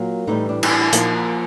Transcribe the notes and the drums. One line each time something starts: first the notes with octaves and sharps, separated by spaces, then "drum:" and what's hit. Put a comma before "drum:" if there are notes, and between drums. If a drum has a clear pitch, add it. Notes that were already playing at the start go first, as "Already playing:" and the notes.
Already playing: A#2 F#3 A#3
A2 E3 G3 D#4
D4
D#4, drum: cymbal
D4
A#2 F3 A#3 D#4, drum: hi-hat